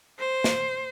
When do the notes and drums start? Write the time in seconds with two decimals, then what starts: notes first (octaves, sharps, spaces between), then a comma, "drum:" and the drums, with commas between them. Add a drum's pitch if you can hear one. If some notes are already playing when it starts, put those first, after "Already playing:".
0.19 C5
0.44 drum: snare